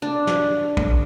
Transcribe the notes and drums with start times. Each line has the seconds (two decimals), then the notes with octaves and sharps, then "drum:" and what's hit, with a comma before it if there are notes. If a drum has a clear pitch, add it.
0.02 D4
0.27 drum: snare
0.77 drum: kick